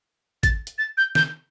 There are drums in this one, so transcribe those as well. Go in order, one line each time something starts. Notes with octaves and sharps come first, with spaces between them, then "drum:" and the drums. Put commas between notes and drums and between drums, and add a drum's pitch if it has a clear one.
A6, drum: kick, hi-hat
drum: hi-hat
A6
G6
G6, drum: snare